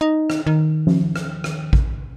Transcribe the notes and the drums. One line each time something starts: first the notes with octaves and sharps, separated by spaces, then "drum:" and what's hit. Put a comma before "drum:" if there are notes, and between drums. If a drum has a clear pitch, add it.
D#4
drum: rim click
D#3
drum: tom F3
drum: rim click
drum: rim click
drum: kick A1